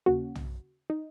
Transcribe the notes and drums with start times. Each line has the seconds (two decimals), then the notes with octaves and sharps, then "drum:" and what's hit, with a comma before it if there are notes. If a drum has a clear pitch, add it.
0.06 D#2 C#3 A#3 C#4 F#4
0.35 drum: tom B1
0.90 D#4